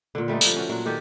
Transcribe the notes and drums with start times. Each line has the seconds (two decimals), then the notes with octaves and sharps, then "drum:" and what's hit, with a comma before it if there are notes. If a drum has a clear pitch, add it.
0.15 A#2 D3
0.28 G3 A3 C4 D#4
0.41 D3 F3, drum: tambourine
0.56 C#4 F#4
0.69 A#2 F#3 D4
0.85 D#3 G4 A4 F#5